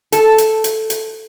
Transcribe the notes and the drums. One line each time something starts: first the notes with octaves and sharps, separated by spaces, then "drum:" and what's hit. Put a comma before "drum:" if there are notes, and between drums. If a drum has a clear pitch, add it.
A4, drum: hi-hat
drum: hi-hat
drum: hi-hat
drum: hi-hat